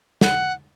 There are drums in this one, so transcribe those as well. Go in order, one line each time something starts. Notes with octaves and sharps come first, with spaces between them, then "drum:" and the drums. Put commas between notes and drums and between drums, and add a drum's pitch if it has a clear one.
F#5, drum: snare